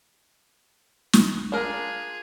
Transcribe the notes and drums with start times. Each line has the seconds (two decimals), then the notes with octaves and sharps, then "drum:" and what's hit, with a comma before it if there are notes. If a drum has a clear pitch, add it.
1.13 drum: snare
1.52 D4 F4 G#4 A#4